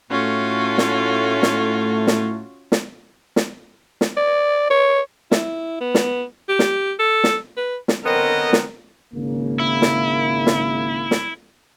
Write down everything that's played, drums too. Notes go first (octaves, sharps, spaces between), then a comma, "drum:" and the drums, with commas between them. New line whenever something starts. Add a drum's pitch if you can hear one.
A2 A3 C#4 F4 F#4
drum: snare
drum: snare
drum: snare
drum: snare
drum: snare
drum: snare
D5
C#5
E4, drum: snare
B3
drum: snare
G4
drum: snare
A4
drum: snare
B4
drum: snare
D3 B3 C4 A#4 B4 C#5 D#5
drum: snare
G#1 C#3 A#3
E4
drum: snare
drum: snare
drum: snare